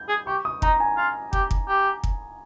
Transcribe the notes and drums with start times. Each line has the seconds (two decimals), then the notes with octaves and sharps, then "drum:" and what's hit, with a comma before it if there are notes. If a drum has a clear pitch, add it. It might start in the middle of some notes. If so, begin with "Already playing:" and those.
Already playing: G6
0.09 G#4
0.27 G4 C#6
0.45 D#6
0.62 D#4 A#5, drum: kick
0.80 G#5
0.97 F4
1.33 G4, drum: kick
1.51 drum: kick
1.68 G4
2.04 drum: kick